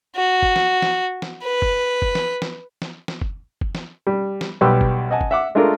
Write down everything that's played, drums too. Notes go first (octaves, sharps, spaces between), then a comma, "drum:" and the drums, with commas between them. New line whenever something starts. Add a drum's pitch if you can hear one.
F#4
drum: kick F#1
drum: snare
drum: snare
drum: snare
B4
drum: kick F#1
drum: kick F#1
drum: snare
drum: snare
drum: snare
drum: snare
drum: kick F#1
drum: kick F#1
drum: snare
G3
drum: snare
B1 G3 G4 B4 C6 E6
drum: kick F#1
D#5 F#5 G#5 A5
drum: kick F#1
E5 F#5 D6
G#3 A3 D4 F4 A4 A#4